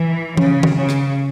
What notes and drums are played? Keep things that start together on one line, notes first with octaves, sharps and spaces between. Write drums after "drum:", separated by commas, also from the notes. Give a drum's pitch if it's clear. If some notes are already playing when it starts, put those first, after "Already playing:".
Already playing: E3
C#3, drum: tom E3
drum: tom D#3
C#3
drum: rim click